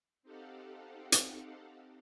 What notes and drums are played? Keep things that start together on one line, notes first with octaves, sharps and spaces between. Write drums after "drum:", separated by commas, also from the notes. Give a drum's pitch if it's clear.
C4 D#4 G4 A4 F5 F#5
drum: hi-hat